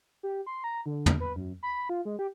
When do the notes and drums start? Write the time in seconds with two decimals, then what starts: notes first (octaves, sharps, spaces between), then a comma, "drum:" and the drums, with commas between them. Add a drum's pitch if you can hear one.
0.23 G4
0.46 C6
0.64 A#5
0.86 D3
1.06 drum: tom
1.20 B4
1.36 F#2
1.63 B5
1.89 F4
2.05 G#3
2.19 G4